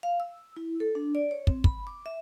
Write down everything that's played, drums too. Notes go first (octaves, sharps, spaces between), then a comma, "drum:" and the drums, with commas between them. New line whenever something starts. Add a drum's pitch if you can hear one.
F5
E6
E4
A4
D4
D5
C#5
C4, drum: kick
B5, drum: kick
D6
E5